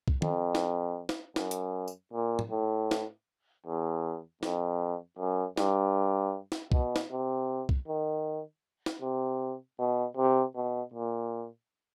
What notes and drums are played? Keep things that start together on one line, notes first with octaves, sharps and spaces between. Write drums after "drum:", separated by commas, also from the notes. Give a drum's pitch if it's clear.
drum: kick C2
F2, drum: tom
drum: snare
drum: snare
F#2, drum: snare
drum: hi-hat
drum: tambourine
A#2
drum: tom A2
A2
drum: snare
E2
F2, drum: snare
F#2
G2, drum: snare
drum: snare
B2, drum: kick C2
drum: snare
C3
drum: kick C2
D#3
drum: snare
C3
B2
C3
B2
A#2